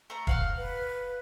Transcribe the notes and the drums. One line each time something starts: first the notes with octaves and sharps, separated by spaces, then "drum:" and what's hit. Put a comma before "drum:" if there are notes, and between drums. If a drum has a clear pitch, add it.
A3 A#5
F5 F#5 F6, drum: kick
B4